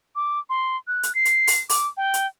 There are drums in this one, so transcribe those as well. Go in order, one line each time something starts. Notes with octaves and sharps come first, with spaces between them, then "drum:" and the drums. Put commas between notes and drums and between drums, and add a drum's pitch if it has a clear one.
D6
C6
F#6
drum: hi-hat
C7
drum: hi-hat
drum: open hi-hat
D6, drum: open hi-hat
G5
drum: hi-hat